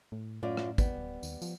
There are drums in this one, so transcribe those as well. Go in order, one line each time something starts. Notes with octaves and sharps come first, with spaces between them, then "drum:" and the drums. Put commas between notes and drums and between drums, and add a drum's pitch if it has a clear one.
A2
F#2 A2 F4 D5
drum: rim click
D#2 G3 B3, drum: kick, tambourine
D1
D#2, drum: tambourine
F3, drum: tambourine